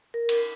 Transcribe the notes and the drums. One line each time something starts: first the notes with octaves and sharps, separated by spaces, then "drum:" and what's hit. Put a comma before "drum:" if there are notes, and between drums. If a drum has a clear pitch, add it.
A#4
drum: cymbal